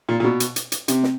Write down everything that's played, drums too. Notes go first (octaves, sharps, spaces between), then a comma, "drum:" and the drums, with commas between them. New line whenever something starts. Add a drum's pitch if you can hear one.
A#2
A#2
B2
drum: hi-hat
drum: hi-hat
drum: hi-hat
C3, drum: hi-hat
drum: snare